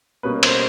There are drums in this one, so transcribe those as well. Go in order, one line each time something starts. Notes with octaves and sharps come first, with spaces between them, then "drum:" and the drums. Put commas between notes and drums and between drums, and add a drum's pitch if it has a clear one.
B2 G3 A#3 C#4 B4
C5, drum: cymbal